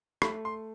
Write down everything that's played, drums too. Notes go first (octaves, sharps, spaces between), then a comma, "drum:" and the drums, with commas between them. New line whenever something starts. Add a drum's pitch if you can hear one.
A3 B5, drum: rim click
C6